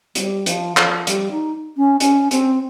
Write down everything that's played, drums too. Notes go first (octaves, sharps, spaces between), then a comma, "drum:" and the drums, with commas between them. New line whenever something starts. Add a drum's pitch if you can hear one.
G3, drum: hi-hat
F3, drum: hi-hat
F3, drum: clap
G3, drum: hi-hat
D#4
C#4
C#4, drum: hi-hat
C4, drum: hi-hat